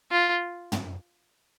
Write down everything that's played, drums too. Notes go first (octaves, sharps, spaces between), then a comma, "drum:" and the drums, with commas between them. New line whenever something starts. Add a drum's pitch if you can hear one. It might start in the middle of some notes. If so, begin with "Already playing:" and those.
F4
drum: tom